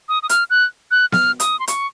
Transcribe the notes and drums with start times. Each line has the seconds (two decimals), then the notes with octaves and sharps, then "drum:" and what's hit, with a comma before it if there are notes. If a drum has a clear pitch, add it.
0.09 D#6
0.23 D#6
0.29 F6, drum: hi-hat
0.50 F#6
0.91 F#6
1.12 F6, drum: snare B3
1.40 D#6, drum: hi-hat
1.60 C6
1.68 C#6, drum: hi-hat